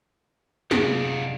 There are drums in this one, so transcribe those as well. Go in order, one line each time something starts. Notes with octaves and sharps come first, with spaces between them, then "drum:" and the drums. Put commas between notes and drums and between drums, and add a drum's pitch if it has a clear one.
F#2 C3 D#4 F4 G#4 D5, drum: snare